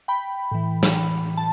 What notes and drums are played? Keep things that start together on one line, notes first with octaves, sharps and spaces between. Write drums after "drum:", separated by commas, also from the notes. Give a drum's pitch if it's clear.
G5 B5
A2 E3
drum: snare
A5